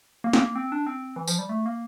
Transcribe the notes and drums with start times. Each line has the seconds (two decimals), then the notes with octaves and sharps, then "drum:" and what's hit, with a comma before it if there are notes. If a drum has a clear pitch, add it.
0.24 A#3
0.33 C4, drum: snare
0.40 A#3
0.55 C4
0.72 D4
0.87 C4
1.16 E3
1.27 F3, drum: tambourine
1.39 G3
1.49 A3
1.66 A#3